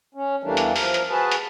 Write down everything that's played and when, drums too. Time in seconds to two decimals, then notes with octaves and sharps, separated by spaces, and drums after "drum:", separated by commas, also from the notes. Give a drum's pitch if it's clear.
0.15 C#4
0.43 E2 E3 G3 A3 A#3 D4
0.57 drum: hi-hat
0.76 F3 A#4, drum: open hi-hat
0.94 drum: hi-hat
1.10 F#4 G#4 B4 A5
1.32 drum: hi-hat